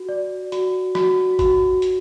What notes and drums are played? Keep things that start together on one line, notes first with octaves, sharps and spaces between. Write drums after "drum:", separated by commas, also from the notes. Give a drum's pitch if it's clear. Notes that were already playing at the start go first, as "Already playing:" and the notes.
Already playing: F#4
D5
F#4, drum: hi-hat
F#4, drum: snare
F#4, drum: kick, hi-hat
drum: hi-hat